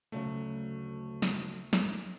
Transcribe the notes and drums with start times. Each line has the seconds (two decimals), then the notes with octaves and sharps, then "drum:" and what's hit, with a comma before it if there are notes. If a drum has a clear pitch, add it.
0.12 D2 C#3 F#3 A3
1.22 drum: snare
1.73 drum: snare